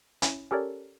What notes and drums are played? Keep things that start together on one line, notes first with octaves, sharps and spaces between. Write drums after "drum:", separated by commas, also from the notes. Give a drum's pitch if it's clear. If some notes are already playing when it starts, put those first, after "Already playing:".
C#4 E4, drum: hi-hat
C#4 G4 A4 A#4 C#5 D5